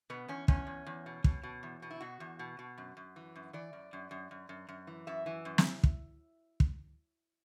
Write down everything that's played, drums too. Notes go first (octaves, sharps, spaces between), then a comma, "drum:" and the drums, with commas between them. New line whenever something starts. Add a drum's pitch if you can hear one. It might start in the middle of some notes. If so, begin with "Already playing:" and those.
B2 B3
E2 C#4
E2 C#4, drum: kick
E2
E2
B2
B2, drum: kick
B2
E2
B2
E4
B2 F#4
E2
B2
B2
F#2
F#2
E3
F#2
E3 D5
F#2
F#2
F#2
F#2
F#2
F#2
E3
F#2 E5
E3
F#2
drum: snare
drum: kick
drum: kick